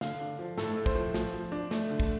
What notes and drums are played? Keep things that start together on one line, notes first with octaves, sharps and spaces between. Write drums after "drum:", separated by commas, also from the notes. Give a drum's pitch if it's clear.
D3 F5, drum: snare
D4
F3
A2 A4, drum: snare
A3
C5, drum: kick
F3
F3, drum: snare
F3
D4
A3, drum: snare
D3
drum: kick